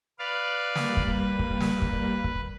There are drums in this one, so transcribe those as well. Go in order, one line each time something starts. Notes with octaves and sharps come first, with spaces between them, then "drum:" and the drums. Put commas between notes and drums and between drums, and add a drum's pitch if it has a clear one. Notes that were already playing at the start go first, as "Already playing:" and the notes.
B4 D5 F5 F#6
G3 A#3, drum: snare
drum: kick
B4
drum: kick
drum: snare
drum: kick
drum: kick